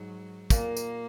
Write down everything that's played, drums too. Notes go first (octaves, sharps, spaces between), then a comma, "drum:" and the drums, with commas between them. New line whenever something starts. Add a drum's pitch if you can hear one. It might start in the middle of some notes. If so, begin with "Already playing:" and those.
Already playing: G#2 F#3
A#2 A#3, drum: kick, tambourine
drum: tambourine